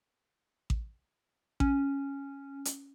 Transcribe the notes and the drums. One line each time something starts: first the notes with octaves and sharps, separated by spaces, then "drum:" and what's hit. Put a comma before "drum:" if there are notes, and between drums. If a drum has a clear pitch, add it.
drum: kick A1
C#4, drum: kick A1
drum: hi-hat